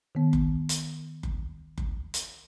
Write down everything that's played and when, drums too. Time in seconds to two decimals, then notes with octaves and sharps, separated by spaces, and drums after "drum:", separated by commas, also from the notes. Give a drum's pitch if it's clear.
0.15 D#3 B3
0.33 drum: kick F#1
0.69 drum: hi-hat
1.23 drum: kick F#1
1.78 drum: kick F#1
2.14 drum: hi-hat